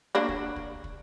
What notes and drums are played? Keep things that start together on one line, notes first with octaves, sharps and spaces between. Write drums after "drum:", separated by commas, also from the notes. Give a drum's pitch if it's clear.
A#3 D4 F#4
drum: kick
drum: kick
drum: kick